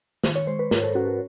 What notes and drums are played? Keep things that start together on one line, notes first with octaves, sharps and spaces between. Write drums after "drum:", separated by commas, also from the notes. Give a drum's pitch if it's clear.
D#3 C5, drum: snare
C#5
G#3 C5
B4
G#2 A#4, drum: snare
A4
C#4 F#4
F#4